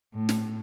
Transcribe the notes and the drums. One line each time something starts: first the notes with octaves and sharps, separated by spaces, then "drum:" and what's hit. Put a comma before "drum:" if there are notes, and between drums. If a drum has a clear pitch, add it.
A2
drum: snare